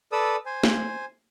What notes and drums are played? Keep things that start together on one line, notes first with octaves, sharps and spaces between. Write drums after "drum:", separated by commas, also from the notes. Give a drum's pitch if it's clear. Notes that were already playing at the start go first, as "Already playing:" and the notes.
A4 B4 D5 D#6 E6
C5 G#5
drum: snare